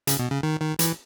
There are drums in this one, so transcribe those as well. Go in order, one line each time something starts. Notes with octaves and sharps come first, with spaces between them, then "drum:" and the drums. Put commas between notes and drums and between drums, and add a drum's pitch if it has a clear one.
C#3, drum: hi-hat
B2
C#3
D#3
D#3
E3, drum: hi-hat